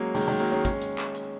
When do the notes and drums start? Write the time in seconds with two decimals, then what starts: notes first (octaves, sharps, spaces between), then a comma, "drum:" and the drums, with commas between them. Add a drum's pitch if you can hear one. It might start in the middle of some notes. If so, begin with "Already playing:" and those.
Already playing: F#3 G#3 A#3 C#4
0.15 D#3 G#3, drum: open hi-hat
0.28 D#3 G#3
0.40 F#3 A#3
0.52 G#3 C#4
0.65 G#3 C#4, drum: kick, hi-hat
0.82 drum: hi-hat
0.98 drum: clap
1.15 drum: hi-hat